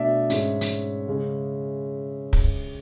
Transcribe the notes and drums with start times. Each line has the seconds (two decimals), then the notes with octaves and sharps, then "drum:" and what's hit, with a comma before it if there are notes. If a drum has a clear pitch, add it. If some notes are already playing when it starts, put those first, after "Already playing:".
Already playing: B2 A3 D4 D5 E5
0.30 G#2 G#3 C#4, drum: hi-hat
0.61 drum: hi-hat
1.08 C#3 G#3 C#4
2.33 drum: kick